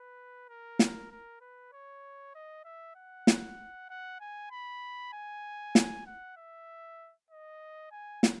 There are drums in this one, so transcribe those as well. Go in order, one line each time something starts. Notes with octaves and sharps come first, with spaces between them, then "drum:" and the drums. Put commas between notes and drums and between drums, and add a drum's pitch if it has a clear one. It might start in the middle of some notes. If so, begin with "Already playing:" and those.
Already playing: B4
A#4
drum: snare
A#4
B4
C#5
D#5
E5
F#5
drum: snare
F#5
G#5
B5
G#5
drum: snare
F#5
E5
D#5
G#5
drum: snare